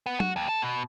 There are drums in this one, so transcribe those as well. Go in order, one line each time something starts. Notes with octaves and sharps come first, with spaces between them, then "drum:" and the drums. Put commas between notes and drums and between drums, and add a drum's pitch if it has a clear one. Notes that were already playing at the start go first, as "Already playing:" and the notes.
B3
F#4, drum: tom F#3
D#2
A4
B2